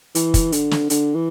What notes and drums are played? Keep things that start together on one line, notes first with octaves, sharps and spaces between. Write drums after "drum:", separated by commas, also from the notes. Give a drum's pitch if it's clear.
E3, drum: hi-hat
drum: kick, hi-hat
D3, drum: hi-hat
drum: snare
D3, drum: hi-hat
E3